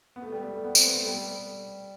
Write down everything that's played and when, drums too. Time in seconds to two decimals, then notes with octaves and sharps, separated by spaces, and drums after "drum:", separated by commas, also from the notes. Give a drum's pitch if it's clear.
0.16 B3
0.22 A3
0.32 G3
0.42 G3
0.53 A3
0.64 B3
0.75 C4, drum: tambourine
0.85 B3
0.95 A3
1.06 G3